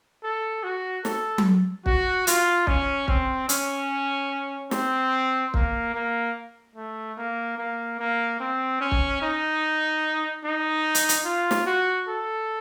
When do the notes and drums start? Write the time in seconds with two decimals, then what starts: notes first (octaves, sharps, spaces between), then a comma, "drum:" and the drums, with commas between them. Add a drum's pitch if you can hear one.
0.23 A4
0.63 F#4
1.05 A4, drum: snare
1.38 drum: tom F#3
1.86 F#4, drum: kick
2.27 F4, drum: hi-hat
2.67 C#4, drum: kick
3.08 C4, drum: kick
3.49 C#4, drum: hi-hat
4.71 C4, drum: snare
5.54 A#3, drum: kick
5.94 A#3
6.76 A3
7.18 A#3
7.58 A#3
7.99 A#3
8.40 C4
8.80 C#4
8.91 drum: kick
9.22 D#4
10.44 D#4
10.95 drum: hi-hat
11.09 drum: hi-hat
11.25 F4
11.51 drum: snare
11.66 F#4
12.08 A4